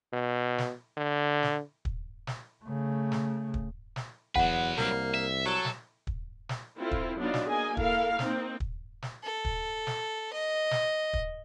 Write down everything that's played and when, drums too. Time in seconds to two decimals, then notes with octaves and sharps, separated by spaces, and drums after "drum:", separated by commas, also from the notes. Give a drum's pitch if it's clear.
0.13 B2
0.58 drum: snare
0.97 D3
1.43 drum: snare
1.85 drum: kick
2.27 drum: snare
2.64 C#3 A3
3.12 drum: snare
3.54 drum: kick
3.96 drum: snare
4.36 E2 F#3 B4 F#5, drum: kick
4.78 C2 A#3, drum: snare
5.14 E5
5.46 F#3 A4
5.65 drum: snare
6.07 drum: kick
6.49 drum: snare
6.78 C4 E4 F4 A4
6.91 drum: kick
7.18 F#3 B3 D4 D#4 F4
7.34 drum: snare
7.47 A#3 G#4 D#5 G#5
7.77 A#3 E4 A4 A#4 F5, drum: kick
8.19 A#3 C4 D#4, drum: snare
8.60 drum: kick
9.02 drum: snare
9.24 A4
9.45 drum: kick
9.87 drum: snare
10.33 D#5
10.71 drum: snare
11.13 drum: kick